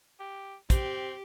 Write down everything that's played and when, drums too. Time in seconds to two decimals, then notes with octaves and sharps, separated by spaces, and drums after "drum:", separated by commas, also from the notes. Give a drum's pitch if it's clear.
0.19 G4
0.70 C4 G4, drum: kick, hi-hat